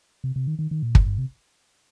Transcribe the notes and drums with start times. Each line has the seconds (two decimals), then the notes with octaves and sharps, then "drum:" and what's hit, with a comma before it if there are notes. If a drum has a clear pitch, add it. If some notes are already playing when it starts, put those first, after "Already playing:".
0.24 C3
0.36 C3
0.47 D#3
0.59 D#3
0.71 D#3
0.83 A#2
0.95 G2, drum: kick
1.06 G2
1.18 C3